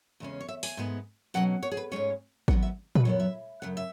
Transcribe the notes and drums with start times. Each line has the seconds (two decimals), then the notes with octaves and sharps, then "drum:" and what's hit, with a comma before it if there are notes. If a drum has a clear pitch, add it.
0.20 E2 C#3 G#3 C#4
0.40 C#5
0.48 E5
0.63 G#5, drum: open hi-hat
0.77 G#2 G#3 B3
1.34 B2 F#3 C#4 F#5
1.63 C#5
1.71 G#4
1.77 B4
1.91 G#2 G#3 C#4 C#5
2.48 G#2 F#3 B3 F#5, drum: kick G#1
2.62 E5
2.95 B4, drum: tom A#2
3.05 F#2 F#3 B3 C#5
3.20 E5
3.62 F#2 C#3 F#5
3.77 E5